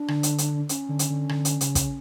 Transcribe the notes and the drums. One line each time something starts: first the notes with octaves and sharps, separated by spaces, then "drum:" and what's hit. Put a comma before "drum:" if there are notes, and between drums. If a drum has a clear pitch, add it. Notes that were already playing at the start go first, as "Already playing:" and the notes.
Already playing: D4
D3, drum: rim click
drum: hi-hat
drum: hi-hat
C#4, drum: hi-hat
D3
drum: hi-hat
D3
D3, drum: rim click
drum: hi-hat
C#3, drum: hi-hat
drum: kick, hi-hat